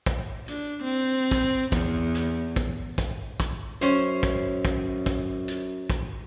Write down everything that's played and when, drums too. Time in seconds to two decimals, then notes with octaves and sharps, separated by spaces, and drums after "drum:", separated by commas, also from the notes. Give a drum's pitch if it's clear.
0.06 drum: kick, hi-hat
0.48 D4, drum: hi-hat
0.84 C4
1.31 drum: kick, hi-hat
1.72 E2, drum: kick, hi-hat
2.15 drum: hi-hat
2.56 drum: kick, hi-hat
2.98 drum: kick, hi-hat
3.40 drum: kick, hi-hat
3.81 F#2 C#4 C5, drum: hi-hat
4.23 drum: kick, hi-hat
4.65 drum: kick, hi-hat
5.06 drum: kick, hi-hat
5.48 drum: hi-hat
5.90 drum: kick, hi-hat